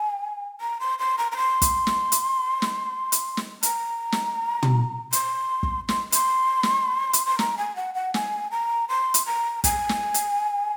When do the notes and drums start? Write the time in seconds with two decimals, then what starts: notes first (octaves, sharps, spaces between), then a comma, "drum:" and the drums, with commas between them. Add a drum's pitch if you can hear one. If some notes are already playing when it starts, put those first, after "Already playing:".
Already playing: G#5
0.61 A#5
0.80 C6
0.99 C6
1.18 A#5
1.32 A#5
1.37 C6
1.62 drum: kick, hi-hat
1.87 drum: snare
2.12 drum: hi-hat
2.62 drum: snare
3.12 drum: hi-hat
3.37 drum: snare
3.63 A#5, drum: hi-hat
4.12 drum: snare
4.63 drum: tom
5.13 C6, drum: hi-hat
5.63 drum: kick
5.89 C6, drum: snare
6.12 C6, drum: hi-hat
6.63 drum: snare
7.13 drum: hi-hat
7.26 C6
7.39 A#5, drum: snare
7.58 G#5
7.76 F#5
7.95 F#5
8.14 G#5, drum: snare
8.51 A#5
8.89 C6
9.14 drum: hi-hat
9.26 A#5
9.64 G#5, drum: kick, hi-hat
9.89 drum: snare
10.14 drum: hi-hat